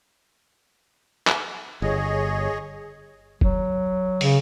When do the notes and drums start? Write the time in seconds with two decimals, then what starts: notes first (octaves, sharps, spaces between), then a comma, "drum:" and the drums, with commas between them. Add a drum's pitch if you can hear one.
1.27 drum: clap
1.82 G1 G#4 C#5 D#5
3.41 F#3, drum: kick
4.21 C#3, drum: open hi-hat